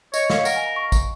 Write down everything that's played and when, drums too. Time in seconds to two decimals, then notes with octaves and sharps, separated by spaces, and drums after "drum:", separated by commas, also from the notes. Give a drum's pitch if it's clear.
0.14 C#5 D#5, drum: tambourine
0.30 C#5 F5, drum: snare
0.45 A#4 F#5, drum: tambourine
0.56 G#5
0.66 A#5
0.76 C#6
0.92 drum: kick, tambourine